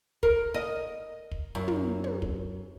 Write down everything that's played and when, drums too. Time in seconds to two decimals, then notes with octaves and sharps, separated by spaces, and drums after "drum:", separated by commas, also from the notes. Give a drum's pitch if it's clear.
0.23 A#4, drum: kick
0.54 D#5
1.31 drum: kick
1.55 F#2
1.68 drum: tom
2.04 drum: tom
2.22 drum: kick